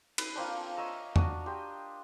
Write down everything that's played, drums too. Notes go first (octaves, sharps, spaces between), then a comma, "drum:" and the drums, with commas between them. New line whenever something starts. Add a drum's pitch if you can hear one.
B4, drum: cymbal
F3 A#3 C4 D4
C#5 D#5 E5 A#5
D4 F#4 D#5, drum: tom E2
G4 G5 C6